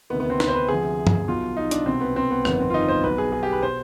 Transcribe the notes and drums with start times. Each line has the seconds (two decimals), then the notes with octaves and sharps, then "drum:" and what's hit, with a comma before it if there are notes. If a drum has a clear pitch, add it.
0.10 D2 C3 D#3 B3
0.20 B3
0.30 C4
0.40 B4, drum: snare
0.48 C5
0.55 B4
0.68 D2 C3 F3 G#4
1.07 drum: tom G2
1.28 B1 B2 F4
1.57 D#4
1.71 D4, drum: hi-hat
1.86 C2 B2 C4
2.01 B3
2.16 C4
2.31 B3
2.45 G1 F2 D#3 B3, drum: rim click
2.60 C4
2.70 F4
2.74 D#4
2.89 C5
3.04 B1 B2 B4
3.18 G#4
3.32 G#4
3.43 G4
3.53 B4
3.62 B2 C5